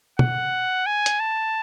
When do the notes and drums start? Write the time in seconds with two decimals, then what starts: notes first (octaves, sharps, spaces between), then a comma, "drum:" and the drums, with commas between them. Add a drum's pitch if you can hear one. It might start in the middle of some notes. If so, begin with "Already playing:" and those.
0.19 F#5, drum: tom
0.86 G#5
1.06 drum: hi-hat
1.20 A5